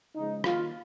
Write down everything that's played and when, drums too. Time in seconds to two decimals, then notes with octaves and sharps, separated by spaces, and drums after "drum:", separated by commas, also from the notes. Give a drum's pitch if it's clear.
0.15 C#3 F3 G#3 D#4
0.44 D#3 A#3 F4, drum: rim click